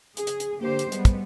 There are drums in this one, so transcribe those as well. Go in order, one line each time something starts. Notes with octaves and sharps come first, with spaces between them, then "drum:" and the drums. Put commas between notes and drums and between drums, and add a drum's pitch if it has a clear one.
C#3 G#4, drum: hi-hat
drum: hi-hat
drum: hi-hat
D3 A#3 G4 C5
drum: hi-hat
G3 G#3 B3, drum: hi-hat
drum: kick, hi-hat